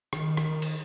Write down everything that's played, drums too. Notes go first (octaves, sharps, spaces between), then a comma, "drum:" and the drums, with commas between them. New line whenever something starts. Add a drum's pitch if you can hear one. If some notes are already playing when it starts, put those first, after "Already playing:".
D#3, drum: rim click
drum: rim click
drum: cymbal